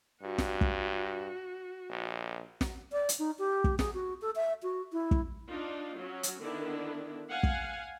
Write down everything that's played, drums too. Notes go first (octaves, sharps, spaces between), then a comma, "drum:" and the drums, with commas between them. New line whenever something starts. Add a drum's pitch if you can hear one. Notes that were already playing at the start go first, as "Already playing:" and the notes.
G2 F#4
drum: snare
drum: kick
A#1
drum: snare
D5
drum: hi-hat
D#4
G4
drum: kick
G#4, drum: snare
F#4
A4
E5
F#4
E4
drum: kick
D4 D#4 F4
F#3 C#4
drum: hi-hat
D3 D#3 B3 D4 E4
F5 F#5 G#5
drum: kick